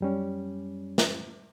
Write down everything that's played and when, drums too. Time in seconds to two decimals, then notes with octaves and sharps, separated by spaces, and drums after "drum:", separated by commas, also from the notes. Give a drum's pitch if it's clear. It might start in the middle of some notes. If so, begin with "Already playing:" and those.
0.01 F#2 G3 C#4
0.98 drum: snare